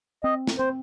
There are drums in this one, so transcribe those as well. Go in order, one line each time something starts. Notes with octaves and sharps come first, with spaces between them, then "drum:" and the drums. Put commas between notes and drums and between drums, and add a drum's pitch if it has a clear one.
C4 D#5
drum: snare
C4 C5